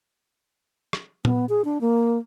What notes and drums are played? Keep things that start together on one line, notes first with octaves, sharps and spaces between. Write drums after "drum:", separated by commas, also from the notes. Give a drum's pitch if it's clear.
drum: rim click
B3, drum: tom A#2
G#4
D4
A#3